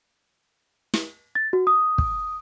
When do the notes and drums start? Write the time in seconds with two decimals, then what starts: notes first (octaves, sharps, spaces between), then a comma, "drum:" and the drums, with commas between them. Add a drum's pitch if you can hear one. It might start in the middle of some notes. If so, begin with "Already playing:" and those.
0.94 drum: snare
1.35 A6
1.53 F#4
1.67 D#6
1.98 drum: kick